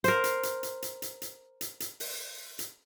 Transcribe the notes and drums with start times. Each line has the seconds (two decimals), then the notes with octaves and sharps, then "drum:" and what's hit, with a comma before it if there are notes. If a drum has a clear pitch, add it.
0.04 A#4 C5, drum: hi-hat
0.24 drum: hi-hat
0.43 drum: hi-hat
0.63 drum: hi-hat
0.82 drum: hi-hat
1.02 drum: hi-hat
1.22 drum: hi-hat
1.61 drum: hi-hat
1.80 drum: hi-hat
2.00 drum: open hi-hat
2.59 drum: hi-hat